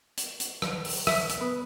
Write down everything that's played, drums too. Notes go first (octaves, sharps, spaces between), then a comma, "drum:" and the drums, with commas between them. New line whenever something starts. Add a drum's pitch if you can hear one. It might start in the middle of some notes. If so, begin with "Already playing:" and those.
drum: hi-hat
drum: hi-hat
drum: rim click
drum: open hi-hat
E5, drum: rim click
drum: hi-hat
B3 B4 D#6